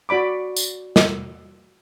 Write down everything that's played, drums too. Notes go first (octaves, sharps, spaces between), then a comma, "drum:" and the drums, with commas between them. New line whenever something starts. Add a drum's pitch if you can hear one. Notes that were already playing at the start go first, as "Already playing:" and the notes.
F#4 D5 B5 D6
drum: tambourine
drum: snare